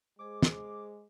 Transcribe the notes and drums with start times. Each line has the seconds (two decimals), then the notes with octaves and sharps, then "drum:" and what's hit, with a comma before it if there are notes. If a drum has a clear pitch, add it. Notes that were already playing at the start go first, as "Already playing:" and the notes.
0.19 G#3 G#4 C5 D6
0.43 drum: snare